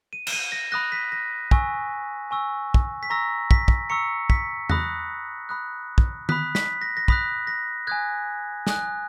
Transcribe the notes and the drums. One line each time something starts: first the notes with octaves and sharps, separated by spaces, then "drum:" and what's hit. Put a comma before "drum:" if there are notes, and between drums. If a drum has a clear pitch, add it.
D#7
E7, drum: cymbal
D#7
A#6
B5 D#6 F#6 A#6
B6
A#6
G#5 C#6 E6, drum: kick
G#5 C#6 E6
drum: kick
B6
A#5 C#6 E6 A#6
B6, drum: kick
drum: kick
A#5 C#6 E6 C#7
B6, drum: kick
B5 D#6 F#6 A#6, drum: tom E2
B5 D#6 F#6
drum: kick
B5 D#6 F#6 B6, drum: tom D#3
B6, drum: snare
A#6
A#6
B5 D#6 F#6 B6, drum: kick
A#6
G#5 D#6 F#6 G#6
G#5 D#6 F#6, drum: snare